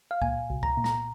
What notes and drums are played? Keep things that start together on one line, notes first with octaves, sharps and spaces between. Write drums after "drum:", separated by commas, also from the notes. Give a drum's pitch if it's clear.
F5
A#2 G#5, drum: kick C#2
C2
A#5, drum: kick C#2
A#2
A#5, drum: snare